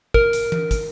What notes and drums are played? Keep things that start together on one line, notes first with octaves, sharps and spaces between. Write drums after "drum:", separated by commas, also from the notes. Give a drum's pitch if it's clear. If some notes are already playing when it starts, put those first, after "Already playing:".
A#4, drum: kick
drum: hi-hat
drum: tom E3
drum: kick, hi-hat